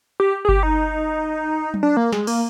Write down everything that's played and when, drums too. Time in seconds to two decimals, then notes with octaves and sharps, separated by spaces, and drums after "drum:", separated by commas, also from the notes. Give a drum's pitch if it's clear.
0.20 G4
0.45 G#4
0.49 G4, drum: kick G1
0.63 D#4
1.74 drum: tom F#3
1.83 D4
1.97 A#3
2.12 G#3, drum: snare
2.27 A#3, drum: cymbal